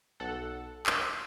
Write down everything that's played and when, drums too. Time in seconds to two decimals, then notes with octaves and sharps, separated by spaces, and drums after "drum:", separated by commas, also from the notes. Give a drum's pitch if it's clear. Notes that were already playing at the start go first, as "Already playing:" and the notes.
0.20 B1 A4 F#5
0.86 C6 D6 E6 B6, drum: clap